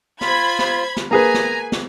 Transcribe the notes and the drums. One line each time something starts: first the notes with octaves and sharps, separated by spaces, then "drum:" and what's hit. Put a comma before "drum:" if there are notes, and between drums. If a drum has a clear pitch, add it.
F4 C5 B5 G#6, drum: snare
drum: snare
drum: snare
A#3 G#4 B4 G#5 A#5
drum: snare
drum: snare